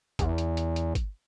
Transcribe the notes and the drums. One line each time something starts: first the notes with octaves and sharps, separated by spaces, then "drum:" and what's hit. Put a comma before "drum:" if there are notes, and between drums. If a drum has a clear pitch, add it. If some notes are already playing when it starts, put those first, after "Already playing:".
E2, drum: kick G1, hi-hat
drum: hi-hat
drum: hi-hat
drum: hi-hat
drum: kick G1, hi-hat